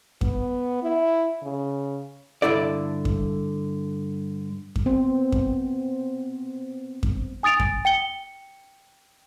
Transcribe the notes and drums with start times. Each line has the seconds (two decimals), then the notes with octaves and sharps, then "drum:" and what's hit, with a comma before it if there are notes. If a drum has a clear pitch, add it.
0.21 B3, drum: kick F#2
0.83 E4
1.43 C#3
2.42 G2 D3 E4 A4 D5
3.05 drum: kick F#2
4.76 drum: kick F#2
4.86 B3 C4 C5
5.32 drum: kick F#2
7.03 drum: kick F#2
7.43 G#5 D#6 A6 D7 F7
7.60 drum: kick F#2
7.85 G5 C#7 G7